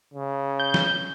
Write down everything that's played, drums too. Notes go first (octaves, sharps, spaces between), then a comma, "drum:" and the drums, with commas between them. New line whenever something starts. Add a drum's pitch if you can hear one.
C#3
G6
drum: snare